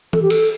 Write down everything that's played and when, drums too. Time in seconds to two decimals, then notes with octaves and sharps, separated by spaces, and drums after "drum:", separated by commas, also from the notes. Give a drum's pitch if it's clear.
0.13 A4, drum: tom E3
0.22 G4
0.30 A4, drum: cymbal